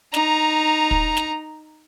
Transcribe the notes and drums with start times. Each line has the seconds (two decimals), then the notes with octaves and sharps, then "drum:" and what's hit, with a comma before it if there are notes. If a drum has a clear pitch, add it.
0.14 D#4 A#5, drum: snare
0.91 drum: kick
1.17 drum: snare